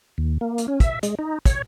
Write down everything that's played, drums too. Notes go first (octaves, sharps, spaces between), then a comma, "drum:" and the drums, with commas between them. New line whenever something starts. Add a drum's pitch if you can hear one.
D#2
A#3
drum: hi-hat
C#4
E5, drum: kick, hi-hat
G#3, drum: hi-hat
D#4
C#5, drum: kick, hi-hat